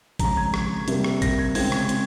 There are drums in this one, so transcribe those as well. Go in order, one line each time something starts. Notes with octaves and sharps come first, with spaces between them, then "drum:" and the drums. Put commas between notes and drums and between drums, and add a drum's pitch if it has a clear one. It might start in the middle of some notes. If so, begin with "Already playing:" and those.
F2 C#3 G#3 C#4 A#5, drum: kick A1, hi-hat
G#6
drum: rim click
C3 G3 A#3, drum: hi-hat
drum: rim click
A#6, drum: kick A1, hi-hat
G#6
C#3 G#3 C4 F4 G#6, drum: open hi-hat
drum: rim click
drum: hi-hat